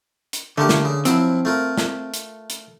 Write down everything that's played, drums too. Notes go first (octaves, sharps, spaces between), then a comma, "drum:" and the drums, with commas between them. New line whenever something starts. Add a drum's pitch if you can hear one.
drum: hi-hat
D3 A3 A#3 G4
drum: snare
C#3
F3 F#3 C4 E4, drum: hi-hat
A3 F4 A#4
drum: snare
drum: hi-hat
drum: hi-hat